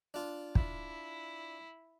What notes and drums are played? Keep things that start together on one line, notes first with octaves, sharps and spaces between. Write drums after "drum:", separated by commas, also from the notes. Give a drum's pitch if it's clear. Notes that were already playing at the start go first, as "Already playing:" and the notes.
D4 F4
E4, drum: kick